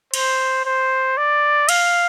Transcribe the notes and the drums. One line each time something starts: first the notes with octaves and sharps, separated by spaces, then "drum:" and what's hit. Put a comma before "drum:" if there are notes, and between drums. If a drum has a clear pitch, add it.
C5, drum: cymbal
C5
D5
F5, drum: cymbal